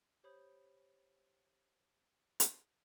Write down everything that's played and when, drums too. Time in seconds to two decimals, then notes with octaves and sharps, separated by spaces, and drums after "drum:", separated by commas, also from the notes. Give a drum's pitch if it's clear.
0.23 G4 C5 C#5 B5 D#6 G6
2.40 drum: hi-hat